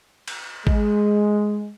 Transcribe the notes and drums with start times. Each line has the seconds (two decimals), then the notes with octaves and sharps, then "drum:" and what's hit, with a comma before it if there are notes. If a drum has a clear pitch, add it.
0.28 drum: cymbal
0.67 G#3, drum: kick G#1